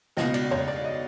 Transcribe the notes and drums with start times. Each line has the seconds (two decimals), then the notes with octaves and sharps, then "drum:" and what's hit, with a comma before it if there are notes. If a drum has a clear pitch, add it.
0.17 C#2 B2 D#5, drum: snare
0.34 D5, drum: cymbal
0.51 C#5, drum: tom
0.68 D5
0.85 D#5